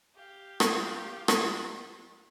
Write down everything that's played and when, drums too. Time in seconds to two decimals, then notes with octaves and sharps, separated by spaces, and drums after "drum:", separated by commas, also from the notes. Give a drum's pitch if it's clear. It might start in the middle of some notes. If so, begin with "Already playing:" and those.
0.15 G4 F5
0.60 drum: rim click
1.28 drum: rim click